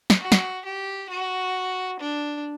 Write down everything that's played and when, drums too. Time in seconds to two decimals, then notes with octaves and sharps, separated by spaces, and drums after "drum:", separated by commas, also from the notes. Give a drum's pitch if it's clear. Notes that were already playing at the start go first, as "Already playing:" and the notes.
0.10 drum: snare
0.21 F#4
0.32 drum: snare
0.65 G4
1.09 F#4
1.99 D4